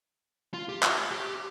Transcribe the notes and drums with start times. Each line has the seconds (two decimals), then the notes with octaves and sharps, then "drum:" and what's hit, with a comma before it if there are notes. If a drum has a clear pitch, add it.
0.54 F4
0.69 G4
0.83 drum: clap
1.11 G4